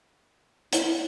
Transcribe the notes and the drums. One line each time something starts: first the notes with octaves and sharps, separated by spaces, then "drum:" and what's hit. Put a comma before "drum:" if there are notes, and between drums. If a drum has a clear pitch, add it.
E4, drum: hi-hat